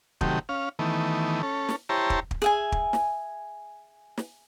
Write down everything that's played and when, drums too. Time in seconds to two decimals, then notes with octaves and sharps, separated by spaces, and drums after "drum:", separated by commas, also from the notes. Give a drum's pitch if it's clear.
0.21 C3 D#3 F#3 A3 G4, drum: kick
0.49 C#4 F5
0.79 D#3 E3 A3 B3
1.43 C#4 A4
1.69 drum: snare
1.89 E4 G4 C5 C#5 A5 A#5
2.10 drum: kick
2.31 drum: kick
2.42 G#4 E5 G#5
2.72 drum: kick
2.93 drum: snare
4.18 drum: snare